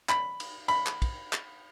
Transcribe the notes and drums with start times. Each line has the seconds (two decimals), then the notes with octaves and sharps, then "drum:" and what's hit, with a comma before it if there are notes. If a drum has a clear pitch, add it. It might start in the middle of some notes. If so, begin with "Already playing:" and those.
0.09 B5, drum: clap
0.40 drum: cymbal
0.68 B5, drum: cymbal
0.86 drum: clap
1.02 drum: kick, cymbal
1.33 drum: clap